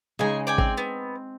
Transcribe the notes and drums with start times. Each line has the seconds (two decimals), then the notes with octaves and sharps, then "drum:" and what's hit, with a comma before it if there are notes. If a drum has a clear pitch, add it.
0.19 C#3 G#3 D#4 D#5 G#5
0.47 D5 G5 G#5
0.58 C4, drum: kick G#1
0.77 B3